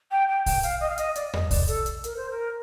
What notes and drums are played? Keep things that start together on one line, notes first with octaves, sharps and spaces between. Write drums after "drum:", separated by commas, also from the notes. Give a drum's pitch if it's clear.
G5
G5
G5, drum: kick, open hi-hat
F5, drum: hi-hat
D#5
F5
D#5, drum: hi-hat
D5, drum: hi-hat
D#5, drum: tom E2
D5, drum: kick, open hi-hat
A4, drum: hi-hat
drum: hi-hat
A#4, drum: hi-hat
C5
A#4